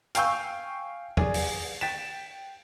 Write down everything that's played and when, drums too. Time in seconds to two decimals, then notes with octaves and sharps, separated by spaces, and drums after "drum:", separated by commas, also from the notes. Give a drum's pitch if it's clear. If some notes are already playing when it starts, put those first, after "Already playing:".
0.15 F5 G5 G#5 C#6 E6 G6, drum: hi-hat
1.17 G#4 D5, drum: tom E2
1.34 drum: open hi-hat
1.81 G5 A6 B6 E7